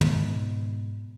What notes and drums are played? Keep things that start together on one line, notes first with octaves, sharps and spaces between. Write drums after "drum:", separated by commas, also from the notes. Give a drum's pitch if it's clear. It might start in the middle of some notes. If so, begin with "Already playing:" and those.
G#2 B2, drum: tom